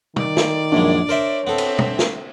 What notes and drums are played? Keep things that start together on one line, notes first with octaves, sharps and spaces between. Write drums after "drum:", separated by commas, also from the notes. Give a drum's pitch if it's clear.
D#3 D5, drum: tom
drum: snare
A#1 F#2 G#3 D4
A#4 C5 C#5 E5
B3 C4 A4 E5
drum: cymbal
drum: tom
drum: snare